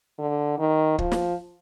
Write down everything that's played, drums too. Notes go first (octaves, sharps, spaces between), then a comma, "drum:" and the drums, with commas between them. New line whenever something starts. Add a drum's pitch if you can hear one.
D3
D#3
F3, drum: kick
drum: snare